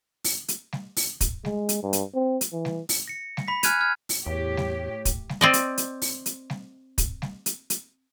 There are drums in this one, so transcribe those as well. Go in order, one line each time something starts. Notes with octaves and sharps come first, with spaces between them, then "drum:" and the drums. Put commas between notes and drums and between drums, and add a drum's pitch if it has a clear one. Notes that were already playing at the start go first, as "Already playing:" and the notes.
drum: open hi-hat
drum: hi-hat
drum: snare G3
drum: open hi-hat
drum: kick, hi-hat
G#3, drum: snare G3
drum: hi-hat
G2
drum: hi-hat
C4
drum: hi-hat
E3
drum: snare G3
drum: open hi-hat
A#6 C#7
drum: snare G3
B5 B6
G#5 F6 F#6 G#6 D#7 F7, drum: hi-hat
F6 G#6
drum: open hi-hat
E2 A2 G4 C#5
drum: snare G3
drum: kick, hi-hat
drum: snare G3
C4 D5 D#5
drum: hi-hat
drum: hi-hat
drum: open hi-hat
drum: hi-hat
drum: snare G3
drum: kick, hi-hat
drum: snare G3
drum: hi-hat
drum: hi-hat